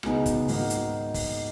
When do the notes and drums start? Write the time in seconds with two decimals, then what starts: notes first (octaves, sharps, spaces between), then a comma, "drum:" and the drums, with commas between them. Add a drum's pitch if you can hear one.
0.03 C#2 B2 G#3 B3 D#4, drum: rim click
0.26 drum: kick, hi-hat
0.48 G#2 D#3 A#3 D#4 F#4, drum: open hi-hat
0.70 drum: hi-hat
1.14 drum: kick, open hi-hat